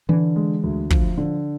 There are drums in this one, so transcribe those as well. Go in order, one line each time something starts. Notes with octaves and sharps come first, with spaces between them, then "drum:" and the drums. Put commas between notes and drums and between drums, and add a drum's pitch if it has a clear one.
D3 E3
G#3
D2
F3, drum: kick
D3